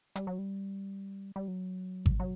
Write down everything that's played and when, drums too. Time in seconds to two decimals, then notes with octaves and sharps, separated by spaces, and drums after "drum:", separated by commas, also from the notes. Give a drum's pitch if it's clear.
0.16 G3, drum: hi-hat
0.27 F#3
0.39 G3
1.36 G3
1.48 F#3
2.06 drum: kick G#1
2.20 F#3